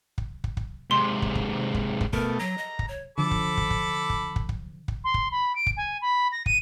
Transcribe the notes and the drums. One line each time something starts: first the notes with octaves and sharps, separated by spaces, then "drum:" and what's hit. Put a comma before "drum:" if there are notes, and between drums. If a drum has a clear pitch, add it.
drum: kick
drum: kick
drum: kick
G#2 C3 C6
drum: kick
drum: kick
drum: kick
drum: kick
B2 A3 A#4, drum: kick
F#3 A#5
D#5
drum: kick
C#5
D3 F3 A4 B5 D6
drum: kick
drum: kick
drum: kick
drum: kick
drum: kick
drum: kick
drum: kick
C6
drum: kick
B5
D7
drum: kick
G#5
B5
A#6
D#7, drum: kick